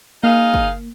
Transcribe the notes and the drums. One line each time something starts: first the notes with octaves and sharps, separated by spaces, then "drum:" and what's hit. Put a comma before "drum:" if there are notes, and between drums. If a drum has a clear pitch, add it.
A#3 D#4 G#4 F5
drum: kick